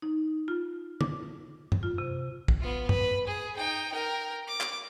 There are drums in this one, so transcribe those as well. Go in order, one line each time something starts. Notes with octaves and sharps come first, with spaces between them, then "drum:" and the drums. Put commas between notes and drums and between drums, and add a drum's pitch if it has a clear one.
D#4
F4
D6, drum: tom
drum: tom F#2
F4
C3
drum: kick
B3 F4
B4, drum: tom F#2
G#4
D#4 G5
A#4 G5
D6
drum: clap